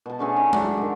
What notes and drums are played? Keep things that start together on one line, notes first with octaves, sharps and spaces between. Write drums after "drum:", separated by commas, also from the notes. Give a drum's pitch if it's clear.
B2 A5
D3 A3 C#4 G#4
D#4
D4 F#4 E5, drum: tom G#3
D3 D#3